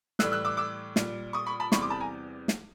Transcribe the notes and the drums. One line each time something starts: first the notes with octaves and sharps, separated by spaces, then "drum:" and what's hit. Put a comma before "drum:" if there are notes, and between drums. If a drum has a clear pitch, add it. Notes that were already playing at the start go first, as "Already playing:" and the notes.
A2 E3 G3 E6 F#6, drum: snare
E6 F#6
D6 E6
D6 E6
A#2 G3, drum: snare
C#6 D#6
B5 C#6
A5 B5
E2 C3 E3 G3 B5 C#6, drum: snare
C6 D6
A5 B5
G#5 A#5
drum: snare